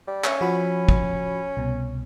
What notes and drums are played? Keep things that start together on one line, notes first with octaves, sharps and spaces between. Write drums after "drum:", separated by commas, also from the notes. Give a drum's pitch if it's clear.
G3
C#4 E5 C#6, drum: clap
F3 F#4 B5
drum: kick
C2 B2